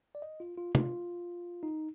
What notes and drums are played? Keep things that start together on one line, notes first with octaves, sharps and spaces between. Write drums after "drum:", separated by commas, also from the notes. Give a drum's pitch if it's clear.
D5
D#5
F4
F4
F4, drum: tom C3
D#4